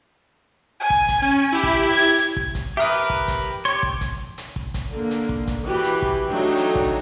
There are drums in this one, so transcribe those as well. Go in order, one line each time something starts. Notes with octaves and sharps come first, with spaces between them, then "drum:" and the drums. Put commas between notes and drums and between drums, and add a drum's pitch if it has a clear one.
G#5
drum: kick
drum: kick, hi-hat
C#4
E4 G4
drum: kick
G#6
drum: hi-hat
drum: kick
drum: kick, hi-hat
G4 A#4 B4 E5 D#6
drum: hi-hat
drum: kick
drum: kick, hi-hat
G4 C#5 C6, drum: hi-hat
drum: kick
drum: kick, hi-hat
drum: hi-hat
drum: kick
drum: kick, hi-hat
D3 A#3
drum: hi-hat
drum: kick
drum: kick, hi-hat
E3 F#4 G4 B4
drum: hi-hat
drum: kick
F#3 A3 D4 D#4 G5
drum: hi-hat
drum: kick